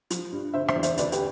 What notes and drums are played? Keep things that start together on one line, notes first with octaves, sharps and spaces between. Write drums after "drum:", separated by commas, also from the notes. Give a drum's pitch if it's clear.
F3, drum: hi-hat
G2
D3 C5 E5
C5 E5, drum: rim click
E2
C5 E5, drum: hi-hat
D2 B4 D5, drum: hi-hat
G4 B4, drum: hi-hat